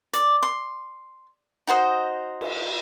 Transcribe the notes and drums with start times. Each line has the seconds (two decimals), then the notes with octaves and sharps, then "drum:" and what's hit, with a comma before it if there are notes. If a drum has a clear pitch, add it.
0.13 D5, drum: hi-hat
0.42 C6
1.67 D#4 F#4 C5 D#5
2.41 drum: cymbal